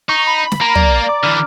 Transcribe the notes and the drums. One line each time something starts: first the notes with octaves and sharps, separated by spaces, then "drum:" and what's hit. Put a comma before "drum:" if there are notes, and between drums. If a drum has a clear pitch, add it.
D#4 C#6
B5
drum: snare
A#3 A#5
D5, drum: tom
D6
D3 E3 F6